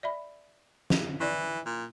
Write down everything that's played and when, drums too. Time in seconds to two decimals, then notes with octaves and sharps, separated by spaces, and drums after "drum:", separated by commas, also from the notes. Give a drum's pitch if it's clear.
0.03 D5 E5 B5
0.90 drum: snare
1.20 E3 E4 D5
1.66 A#2